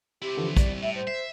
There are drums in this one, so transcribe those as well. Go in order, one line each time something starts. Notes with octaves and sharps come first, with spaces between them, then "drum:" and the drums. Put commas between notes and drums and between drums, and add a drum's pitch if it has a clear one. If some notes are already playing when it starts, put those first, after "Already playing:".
C4 E4 G4
D3 E3 F3
G3 D5, drum: kick, hi-hat
A2 E5
C5
E5 C7